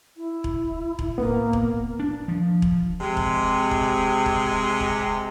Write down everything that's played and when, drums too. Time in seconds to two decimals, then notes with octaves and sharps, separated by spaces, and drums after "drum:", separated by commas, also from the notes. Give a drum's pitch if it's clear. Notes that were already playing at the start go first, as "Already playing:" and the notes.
0.17 E4
0.44 drum: kick E1
0.99 drum: kick E1
1.18 A2 A#3 B3
1.53 drum: kick E1
1.99 D4
2.28 F3
2.62 drum: kick E1
3.00 C3 G#3
3.17 drum: kick E1
3.71 drum: kick E1
4.26 drum: kick E1
4.80 drum: kick E1